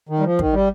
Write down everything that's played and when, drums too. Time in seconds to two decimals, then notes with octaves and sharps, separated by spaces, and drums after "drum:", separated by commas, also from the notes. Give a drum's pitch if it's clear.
0.09 D#3
0.19 G3
0.24 F3
0.39 D#3, drum: kick
0.53 G3